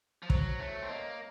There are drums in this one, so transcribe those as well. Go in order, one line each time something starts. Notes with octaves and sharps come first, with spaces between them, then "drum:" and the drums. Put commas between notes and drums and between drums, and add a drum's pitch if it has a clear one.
F3
F#3 C5, drum: kick
A3 C#5
C4
A#3 D#5